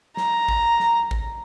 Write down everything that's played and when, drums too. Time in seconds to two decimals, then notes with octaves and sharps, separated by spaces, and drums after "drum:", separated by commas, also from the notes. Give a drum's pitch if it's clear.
0.17 A#5, drum: snare
0.49 drum: kick G#1
0.80 drum: snare
1.11 drum: kick G#1